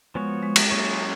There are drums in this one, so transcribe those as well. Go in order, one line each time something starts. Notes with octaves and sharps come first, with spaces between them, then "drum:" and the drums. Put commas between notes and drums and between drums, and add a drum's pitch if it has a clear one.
F3 G#3 B3 F#4 C#5
G#3
drum: cymbal
F#3 A#3 C#4 G#4 C#5